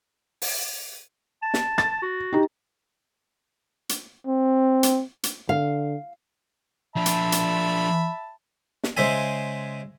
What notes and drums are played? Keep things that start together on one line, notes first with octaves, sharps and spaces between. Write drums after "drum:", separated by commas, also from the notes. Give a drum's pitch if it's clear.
drum: open hi-hat
A5
drum: snare
A6, drum: rim click
F#4
D#4 G4
drum: hi-hat
C4
drum: hi-hat
drum: hi-hat
D3 F5
F3 D4 E5 A5 B5
drum: hi-hat
drum: hi-hat
drum: snare
C#3 G#3 C5 E5 G#5